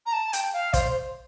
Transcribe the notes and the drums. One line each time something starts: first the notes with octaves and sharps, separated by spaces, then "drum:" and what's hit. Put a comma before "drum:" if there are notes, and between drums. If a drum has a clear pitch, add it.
A#5
A5
G5, drum: hi-hat
F5
C5, drum: kick, hi-hat